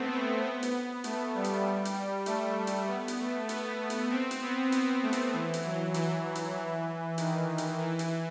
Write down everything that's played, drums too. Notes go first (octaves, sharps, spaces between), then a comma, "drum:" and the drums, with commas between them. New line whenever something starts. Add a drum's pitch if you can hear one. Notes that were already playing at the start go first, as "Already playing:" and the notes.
Already playing: A3 B3 C4
B3
B3
drum: hi-hat
A3, drum: hi-hat
G3
drum: hi-hat
G3
drum: hi-hat
G3
A3, drum: hi-hat
drum: hi-hat
B3
drum: hi-hat
A3
B3, drum: hi-hat
drum: hi-hat
C4
drum: hi-hat
B3
B3, drum: hi-hat
A3
drum: hi-hat
E3
drum: hi-hat
F#3
E3, drum: hi-hat
drum: hi-hat
E3
D#3, drum: hi-hat
drum: hi-hat
E3
drum: hi-hat